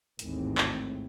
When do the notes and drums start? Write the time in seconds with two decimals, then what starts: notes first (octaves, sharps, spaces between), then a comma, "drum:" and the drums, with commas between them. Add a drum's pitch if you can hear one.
0.19 A1 D#2 G#2 D#3 E3 C4, drum: hi-hat
0.58 drum: clap